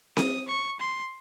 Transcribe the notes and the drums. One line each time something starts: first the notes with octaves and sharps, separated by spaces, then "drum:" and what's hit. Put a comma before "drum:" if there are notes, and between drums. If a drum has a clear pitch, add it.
D#6, drum: snare C4
C#6
C6